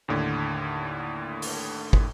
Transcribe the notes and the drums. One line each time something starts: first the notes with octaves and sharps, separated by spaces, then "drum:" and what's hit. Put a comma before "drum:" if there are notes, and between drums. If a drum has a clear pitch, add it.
D#2 A2 D3
drum: open hi-hat
drum: kick